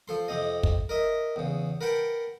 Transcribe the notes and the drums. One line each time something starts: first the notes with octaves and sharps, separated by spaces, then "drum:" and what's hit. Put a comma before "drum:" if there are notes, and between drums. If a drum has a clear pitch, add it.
F3 A4 C6
F2 C3 C4 D#5
drum: kick
A#4 D#5 E5
E2 C#3
A#4 B4 F#5 G5 A5